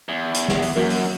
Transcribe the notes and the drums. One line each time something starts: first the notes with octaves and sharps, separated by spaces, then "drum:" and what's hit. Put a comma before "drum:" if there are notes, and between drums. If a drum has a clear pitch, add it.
E2
drum: hi-hat
drum: snare
drum: open hi-hat
F#2 F#3 A#3
drum: open hi-hat